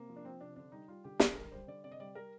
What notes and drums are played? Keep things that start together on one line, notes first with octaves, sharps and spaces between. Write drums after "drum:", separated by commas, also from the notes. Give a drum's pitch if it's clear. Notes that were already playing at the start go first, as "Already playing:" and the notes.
Already playing: C3 A#3
F3
D4
F3 C4
C3 D4
D3 D4
G3 D#4
G3 F4
D3 G4
D3 G#4, drum: snare
G3 A#4
G3 C5
D3 D5
C3 D5
D#5
G3 D5
G3 A#4